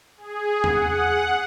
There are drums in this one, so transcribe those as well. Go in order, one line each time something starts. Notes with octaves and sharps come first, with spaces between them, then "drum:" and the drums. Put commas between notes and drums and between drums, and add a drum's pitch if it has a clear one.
G#4
F#5, drum: tom E2